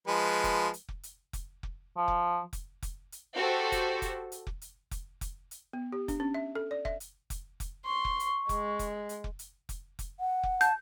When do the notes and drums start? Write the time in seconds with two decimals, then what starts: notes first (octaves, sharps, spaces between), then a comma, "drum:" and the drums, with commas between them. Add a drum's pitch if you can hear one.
0.07 F3 G#3 B4
0.44 drum: kick F1, hi-hat
0.74 drum: hi-hat
0.89 drum: kick F1
1.03 drum: hi-hat
1.33 drum: kick F1, hi-hat
1.63 drum: kick F1
1.97 F3
2.08 drum: kick F1
2.53 drum: kick F1, hi-hat
2.82 drum: kick F1, hi-hat
3.12 drum: hi-hat
3.35 F#4 G4 A4 C5
3.72 drum: kick F1, hi-hat
4.02 drum: kick F1, hi-hat
4.32 drum: hi-hat
4.47 drum: kick F1
4.62 drum: hi-hat
4.91 drum: kick F1, hi-hat
5.21 drum: kick F1, hi-hat
5.51 drum: hi-hat
5.73 B3
5.92 G4
6.08 D4, drum: kick F1, hi-hat
6.20 C#4
6.34 E5
6.55 A4
6.71 D5
6.85 E5, drum: kick F1
7.00 drum: hi-hat
7.30 drum: kick F1, hi-hat
7.60 drum: kick F1, hi-hat
7.85 C6 C#6
8.05 drum: kick F1
8.20 drum: hi-hat
8.49 G#3, drum: kick F1, hi-hat
8.79 drum: kick F1, hi-hat
9.09 drum: hi-hat
9.24 drum: kick F1
9.39 drum: hi-hat
9.69 drum: kick F1, hi-hat
9.99 drum: kick F1, hi-hat
10.20 F#5
10.43 drum: kick F1
10.61 A5 G6, drum: hi-hat